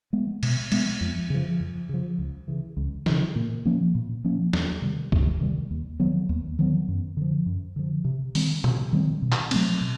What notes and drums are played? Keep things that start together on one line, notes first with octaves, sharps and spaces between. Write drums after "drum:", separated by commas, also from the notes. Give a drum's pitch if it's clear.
G#3 B3
B2, drum: cymbal
G#3 B3, drum: cymbal
F2
C#3 F3
F2
C#3 F3
C#2
C#3 E3
C#2
C#3 E3, drum: snare
A#2
F3 A#3 C#4
A#2
F3 A#3 C#4
E2, drum: snare
C3 D#3 G3
E2, drum: kick
C3 D#3 G3
D#2
D#3 F#3 B3
D#2
D#3 F#3 B3
F#2
D3 F3
F#2
D3 F3
C3
D#3 G3 C4, drum: open hi-hat
C3, drum: tom A#2
D#3 G3 C4
B2
drum: clap
F#3 A3 C4, drum: cymbal
B2